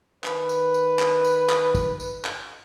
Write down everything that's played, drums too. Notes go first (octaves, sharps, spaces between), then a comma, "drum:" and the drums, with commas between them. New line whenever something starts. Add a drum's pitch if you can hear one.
D#3 B4, drum: clap
drum: tambourine
drum: tambourine
drum: clap
drum: tambourine
drum: clap
drum: kick, tambourine
drum: tambourine
drum: clap